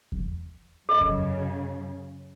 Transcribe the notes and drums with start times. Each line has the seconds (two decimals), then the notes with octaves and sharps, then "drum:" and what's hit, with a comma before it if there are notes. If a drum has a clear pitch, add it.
0.12 drum: kick E2
0.89 F#2 C#3 A4 A#4 D#5
1.01 drum: kick E2